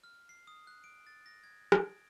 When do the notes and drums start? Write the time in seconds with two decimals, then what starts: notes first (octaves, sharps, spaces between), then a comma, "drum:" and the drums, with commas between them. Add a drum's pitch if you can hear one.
0.04 F6
0.29 C7
0.47 D#6
0.67 F#6
0.84 D7
1.07 A6
1.26 A#6
1.44 G#6
1.72 D7, drum: rim click